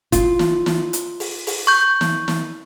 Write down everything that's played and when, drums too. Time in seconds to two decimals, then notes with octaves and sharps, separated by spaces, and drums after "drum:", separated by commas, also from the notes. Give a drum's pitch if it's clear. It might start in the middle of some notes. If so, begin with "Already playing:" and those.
0.12 F4, drum: kick F#1, hi-hat
0.39 drum: snare
0.66 drum: snare
0.93 drum: hi-hat
1.20 drum: open hi-hat
1.47 drum: open hi-hat
1.67 C#6 G6
2.01 drum: snare
2.28 drum: snare